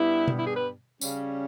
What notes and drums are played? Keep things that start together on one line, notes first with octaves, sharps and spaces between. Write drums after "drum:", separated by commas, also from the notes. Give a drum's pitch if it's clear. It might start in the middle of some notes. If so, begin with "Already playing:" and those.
Already playing: G2 G3 B3 E4
drum: tom B2
E4
G#4
B4
C#3 G3 C#4, drum: tambourine